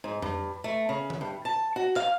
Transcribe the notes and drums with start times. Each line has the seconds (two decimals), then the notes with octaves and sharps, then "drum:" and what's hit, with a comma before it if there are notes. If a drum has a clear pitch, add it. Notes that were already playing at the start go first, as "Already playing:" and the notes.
0.04 G#2
0.22 G2, drum: tom F2
0.64 A3
0.89 C#3
1.10 drum: tom D3
1.21 G2
1.45 A5
1.76 F#4
1.96 F5, drum: clap